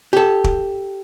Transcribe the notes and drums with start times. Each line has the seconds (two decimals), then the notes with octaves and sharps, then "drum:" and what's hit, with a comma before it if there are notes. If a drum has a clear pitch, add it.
0.13 G4 A4
0.44 drum: kick